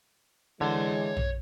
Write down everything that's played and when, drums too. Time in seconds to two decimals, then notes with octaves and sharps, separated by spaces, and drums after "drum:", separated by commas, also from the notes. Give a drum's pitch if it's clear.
0.61 D3 E3 G#3 C#5 C6
1.17 drum: tom A#1